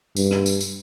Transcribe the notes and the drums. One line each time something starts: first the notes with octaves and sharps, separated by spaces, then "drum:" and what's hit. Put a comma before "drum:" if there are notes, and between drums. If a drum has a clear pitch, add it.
G2, drum: tambourine
drum: rim click
drum: tambourine
drum: tambourine